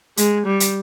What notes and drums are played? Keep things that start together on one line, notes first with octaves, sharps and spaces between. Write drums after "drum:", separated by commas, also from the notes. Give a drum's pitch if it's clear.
G#3, drum: hi-hat
G3
drum: hi-hat